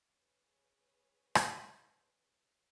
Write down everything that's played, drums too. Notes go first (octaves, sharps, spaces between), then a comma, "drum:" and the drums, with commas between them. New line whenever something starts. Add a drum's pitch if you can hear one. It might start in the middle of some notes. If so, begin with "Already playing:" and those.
G#4 B4 C#5
drum: rim click